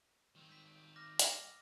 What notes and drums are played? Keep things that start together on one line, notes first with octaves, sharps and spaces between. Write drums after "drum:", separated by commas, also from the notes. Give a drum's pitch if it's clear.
D#3 C4
B6
D6 F6 A#6
C5 D#5, drum: hi-hat